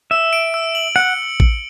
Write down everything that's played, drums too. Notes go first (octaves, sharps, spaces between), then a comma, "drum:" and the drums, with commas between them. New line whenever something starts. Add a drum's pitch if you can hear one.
E5 E6
D7
E6
F#7
F#5 C#7
drum: kick A1